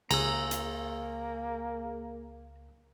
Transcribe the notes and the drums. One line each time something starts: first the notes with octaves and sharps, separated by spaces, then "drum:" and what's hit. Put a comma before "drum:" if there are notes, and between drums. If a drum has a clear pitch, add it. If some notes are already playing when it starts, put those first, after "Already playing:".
C#2 A#3 G#4 G#5 A#5 E6, drum: cymbal
drum: hi-hat